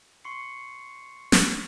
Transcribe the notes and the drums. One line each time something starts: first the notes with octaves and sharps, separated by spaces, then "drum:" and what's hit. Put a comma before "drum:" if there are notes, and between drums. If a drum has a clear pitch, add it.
C6 C#6 C7 C#7
drum: snare